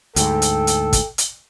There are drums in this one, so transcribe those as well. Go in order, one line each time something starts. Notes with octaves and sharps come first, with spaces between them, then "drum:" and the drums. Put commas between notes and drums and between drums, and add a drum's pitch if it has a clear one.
D2 G#2 A4 G5, drum: hi-hat
drum: hi-hat
drum: hi-hat
drum: kick, hi-hat
drum: hi-hat